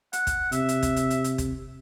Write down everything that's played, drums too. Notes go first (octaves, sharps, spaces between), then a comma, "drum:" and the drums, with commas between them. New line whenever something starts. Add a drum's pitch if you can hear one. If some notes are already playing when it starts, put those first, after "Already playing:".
F#5, drum: hi-hat
drum: kick, hi-hat
C3 E5, drum: hi-hat
drum: hi-hat
drum: kick, hi-hat
drum: hi-hat
drum: hi-hat
drum: hi-hat
drum: kick, hi-hat